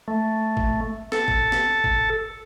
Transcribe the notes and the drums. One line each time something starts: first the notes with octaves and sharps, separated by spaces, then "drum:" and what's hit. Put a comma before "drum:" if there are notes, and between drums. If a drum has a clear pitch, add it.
A3
drum: kick G#1
A4, drum: snare
drum: kick G#1
drum: snare
drum: kick G#1